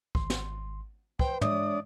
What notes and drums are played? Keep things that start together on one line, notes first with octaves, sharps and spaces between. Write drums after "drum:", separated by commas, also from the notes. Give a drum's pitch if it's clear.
G#1 C6, drum: kick
drum: snare
B4 C5 G5, drum: kick
G#3 D4 C#5 D5 E5 D#6, drum: tom